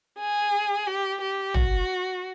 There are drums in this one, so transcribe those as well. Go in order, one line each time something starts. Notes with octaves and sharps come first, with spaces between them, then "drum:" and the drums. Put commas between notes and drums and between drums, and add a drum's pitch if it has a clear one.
G#4
G4
G4
F#4, drum: tom